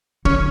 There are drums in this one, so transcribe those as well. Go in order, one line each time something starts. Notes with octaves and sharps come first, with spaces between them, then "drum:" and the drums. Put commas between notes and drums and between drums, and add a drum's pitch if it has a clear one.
D3 C#4, drum: kick